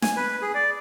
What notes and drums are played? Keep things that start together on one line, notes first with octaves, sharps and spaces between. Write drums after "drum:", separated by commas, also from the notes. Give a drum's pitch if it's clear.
G#5, drum: snare
B4
G#4
D5